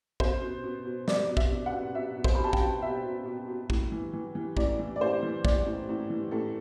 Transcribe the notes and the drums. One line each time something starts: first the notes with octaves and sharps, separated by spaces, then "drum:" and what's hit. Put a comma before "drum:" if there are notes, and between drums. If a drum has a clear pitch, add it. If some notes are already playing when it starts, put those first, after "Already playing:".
B2 C5, drum: kick
B2
B2
B2
B2 D5, drum: snare
B2
E5, drum: kick
B2
F#5
B2
B2 E5
B2
C5, drum: kick
B2 B5
A5
G5, drum: kick
B2
B2 E5
B2
B2
B2
A2, drum: kick
E3
E3
E3
A2 D5, drum: kick
E3
D5
A2 C5
E3
E3 D5, drum: kick
A2
A2
E3
A2 A4